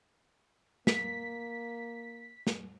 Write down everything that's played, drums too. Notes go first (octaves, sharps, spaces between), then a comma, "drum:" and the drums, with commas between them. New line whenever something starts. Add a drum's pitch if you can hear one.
A#3 B6, drum: snare
drum: snare